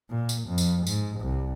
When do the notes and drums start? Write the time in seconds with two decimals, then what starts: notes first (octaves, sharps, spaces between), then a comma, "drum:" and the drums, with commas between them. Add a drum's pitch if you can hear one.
0.10 A#2
0.29 drum: tambourine
0.49 F2
0.58 drum: tambourine
0.87 G#2, drum: tambourine
1.20 C2